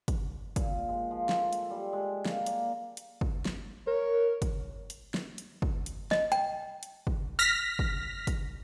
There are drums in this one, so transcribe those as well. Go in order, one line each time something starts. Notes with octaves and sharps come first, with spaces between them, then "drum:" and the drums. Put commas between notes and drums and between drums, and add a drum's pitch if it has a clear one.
drum: kick, hi-hat
A#2, drum: kick, hi-hat
G#3
F3
A4, drum: snare
C5
drum: hi-hat
G3
G#3
A#3, drum: snare
D5, drum: hi-hat
drum: hi-hat
drum: kick
drum: snare
A#4 C#5
drum: kick, hi-hat
drum: hi-hat
drum: snare
drum: hi-hat
drum: kick
drum: hi-hat
D#5, drum: snare
G5, drum: hi-hat
drum: hi-hat
drum: kick
F6 A#6 B6
drum: kick
drum: kick, hi-hat